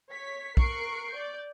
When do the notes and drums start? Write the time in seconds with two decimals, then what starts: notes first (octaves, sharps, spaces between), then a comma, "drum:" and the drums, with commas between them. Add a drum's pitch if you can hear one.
0.11 C#5 B6
0.57 A#4 C#6 F#6 C7 D7, drum: kick
1.12 D5 G6